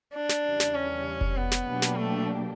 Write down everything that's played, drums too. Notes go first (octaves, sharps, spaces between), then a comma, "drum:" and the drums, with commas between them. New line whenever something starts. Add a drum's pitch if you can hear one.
D4
drum: snare
E2 C#3 E3 G3
drum: snare
C#4
drum: kick F1
B3
drum: snare
B2 F#3 A#3 D4 G4
drum: snare
A3